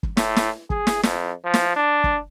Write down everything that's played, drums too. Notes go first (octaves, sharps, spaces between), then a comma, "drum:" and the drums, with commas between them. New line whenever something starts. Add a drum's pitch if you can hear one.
drum: kick
A2, drum: snare
drum: snare
G#4, drum: kick
drum: snare
F2, drum: snare
F3
drum: snare
D4
drum: kick